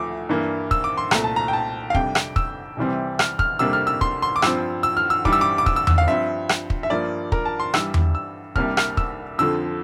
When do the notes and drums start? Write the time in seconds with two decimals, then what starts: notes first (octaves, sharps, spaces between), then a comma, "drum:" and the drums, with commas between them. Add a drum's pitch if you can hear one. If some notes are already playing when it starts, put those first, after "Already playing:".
Already playing: D2 F3 A3 D6
0.29 G2 E3 A#3 D4
0.71 E6, drum: kick
0.84 D6
0.98 C6
1.11 C2 A#2 A3 A#5, drum: rim click
1.24 A5
1.36 A#5
1.48 G5
1.53 A5
1.90 F5
1.95 F2 C3 G3 D4 G5, drum: kick
2.15 drum: rim click
2.36 E6, drum: kick
2.77 C2 C3 E3 G3 C4
3.19 F6, drum: rim click
3.39 F6, drum: kick
3.59 F2 C3 G3 A#3 D4 E6
3.73 F6
3.87 E6
4.01 C6, drum: kick
4.22 C6
4.36 D6
4.42 G2 F3 C4 E6, drum: rim click
4.83 E6
4.97 F6
5.10 E6
5.25 G2 E3 G3 D6, drum: kick
5.33 E6
5.41 D6
5.58 D6
5.66 E6, drum: kick
5.76 E6
5.87 E6, drum: tom E2
5.98 F5
6.08 G2 F3 C4 E5
6.49 drum: rim click
6.70 drum: kick
6.83 E5
6.90 G2 F3 A#3 D5
7.32 A#4, drum: kick
7.45 A5
7.60 C6
7.74 G2 E3 G3 E6, drum: rim click
7.94 drum: tom E2
8.15 E6
8.56 C2 C3 G3 A#3 D4 F6, drum: kick
8.77 F6, drum: rim click
8.97 E6, drum: kick
9.38 F2 D3 F3 E6